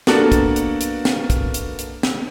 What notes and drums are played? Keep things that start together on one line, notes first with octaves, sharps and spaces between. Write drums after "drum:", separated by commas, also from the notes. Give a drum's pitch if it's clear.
A#3 B3 D4 F#4 A4, drum: snare
drum: kick, hi-hat
drum: hi-hat
drum: hi-hat
drum: snare
drum: kick, hi-hat
drum: hi-hat
drum: hi-hat
drum: snare